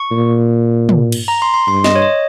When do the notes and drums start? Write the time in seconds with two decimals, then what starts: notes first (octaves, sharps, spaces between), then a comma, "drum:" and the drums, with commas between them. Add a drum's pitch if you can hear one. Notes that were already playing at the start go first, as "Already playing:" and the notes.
Already playing: C#6
0.11 A#2
0.89 drum: tom
1.12 drum: cymbal
1.28 A#5
1.42 C6
1.54 C6
1.68 G2 C6
1.84 D#5, drum: snare
1.96 C#5
2.02 D#5